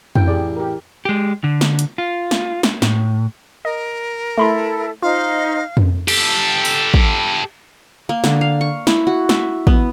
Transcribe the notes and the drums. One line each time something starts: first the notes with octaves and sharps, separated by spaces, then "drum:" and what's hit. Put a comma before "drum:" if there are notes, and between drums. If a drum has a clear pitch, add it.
A1 G5, drum: tom F2
G4 G#4 D5
G4 A#4
G#3 G4
D3
drum: snare
drum: hi-hat
F4
drum: snare
drum: snare
A2, drum: snare
A#4 D#5
A3 E4 A4 E5 B5 C6
D#4 F4 C5 F5
drum: tom F2
G4 A4, drum: cymbal
drum: open hi-hat
drum: kick
A#3
D3, drum: snare
F5
C#6
E4, drum: snare
F#4
E5, drum: snare
B3, drum: kick